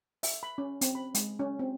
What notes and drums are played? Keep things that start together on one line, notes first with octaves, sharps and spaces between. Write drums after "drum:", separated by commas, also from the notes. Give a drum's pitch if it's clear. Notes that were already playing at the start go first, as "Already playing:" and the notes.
E5, drum: open hi-hat
B5
C#4
C4, drum: hi-hat
B5
G#3, drum: hi-hat
C#4
C4